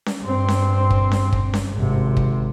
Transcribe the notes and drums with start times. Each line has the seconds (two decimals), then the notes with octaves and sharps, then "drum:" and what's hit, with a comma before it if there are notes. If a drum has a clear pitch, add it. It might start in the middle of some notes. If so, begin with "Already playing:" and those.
0.06 drum: snare C#4
0.23 G2 C4
0.48 drum: snare C#4
0.90 drum: kick
1.11 drum: snare C#4
1.33 drum: kick
1.54 drum: snare C#4
1.75 G#1 C3
2.17 drum: kick